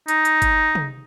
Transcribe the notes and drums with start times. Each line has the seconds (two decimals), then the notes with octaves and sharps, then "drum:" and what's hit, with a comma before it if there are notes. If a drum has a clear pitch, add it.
0.08 D#4, drum: hi-hat
0.25 drum: hi-hat
0.42 drum: kick G1, hi-hat
0.75 drum: tom